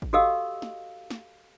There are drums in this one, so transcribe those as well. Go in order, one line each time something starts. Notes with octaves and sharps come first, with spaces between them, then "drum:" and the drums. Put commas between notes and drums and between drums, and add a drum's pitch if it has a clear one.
drum: kick
F#4 G4 A4 D#5 F5 E6
drum: snare
drum: snare